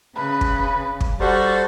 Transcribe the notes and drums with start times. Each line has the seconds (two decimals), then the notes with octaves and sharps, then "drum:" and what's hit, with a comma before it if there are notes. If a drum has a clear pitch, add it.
0.16 C#3 B4
0.41 drum: kick
1.01 drum: kick
1.20 G3 F#4 A4 C5 A6